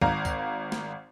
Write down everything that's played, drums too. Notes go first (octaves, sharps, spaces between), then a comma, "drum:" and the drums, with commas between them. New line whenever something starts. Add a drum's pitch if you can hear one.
G#1 F5 A#5, drum: kick
drum: kick, tambourine
drum: snare